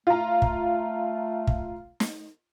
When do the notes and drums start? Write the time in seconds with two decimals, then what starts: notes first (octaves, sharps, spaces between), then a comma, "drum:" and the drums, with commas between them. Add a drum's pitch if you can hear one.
0.07 A3 F4 A#5
0.42 drum: kick
1.47 drum: kick
2.00 drum: snare